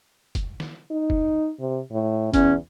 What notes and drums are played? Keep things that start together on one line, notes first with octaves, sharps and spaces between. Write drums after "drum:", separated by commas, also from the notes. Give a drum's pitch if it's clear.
drum: kick, hi-hat
drum: snare
D#4
drum: kick
C3
A2
E2 C#4, drum: kick, hi-hat